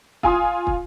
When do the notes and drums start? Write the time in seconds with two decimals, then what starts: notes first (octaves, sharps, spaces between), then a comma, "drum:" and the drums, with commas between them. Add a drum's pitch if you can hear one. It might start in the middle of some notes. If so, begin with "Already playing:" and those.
0.23 F4 G#5 C6 D#6, drum: kick
0.67 drum: kick